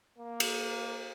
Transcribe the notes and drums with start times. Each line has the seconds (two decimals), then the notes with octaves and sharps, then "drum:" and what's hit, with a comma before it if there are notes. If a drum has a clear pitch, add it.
0.18 A#3
0.40 drum: cymbal